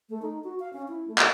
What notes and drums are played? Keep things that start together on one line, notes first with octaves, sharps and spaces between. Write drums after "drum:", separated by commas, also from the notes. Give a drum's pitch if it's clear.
A3
D#4
F#4
F5
C#4
E4
A3
drum: clap